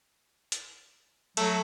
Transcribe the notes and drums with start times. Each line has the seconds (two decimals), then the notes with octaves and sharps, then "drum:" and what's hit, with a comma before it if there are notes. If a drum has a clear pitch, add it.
0.52 drum: hi-hat
1.37 F#3 A3, drum: cymbal